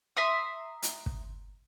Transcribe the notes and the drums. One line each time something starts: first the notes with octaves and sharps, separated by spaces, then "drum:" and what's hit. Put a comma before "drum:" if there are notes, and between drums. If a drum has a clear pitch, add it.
E5 A#5 C6 D#6
drum: hi-hat
drum: kick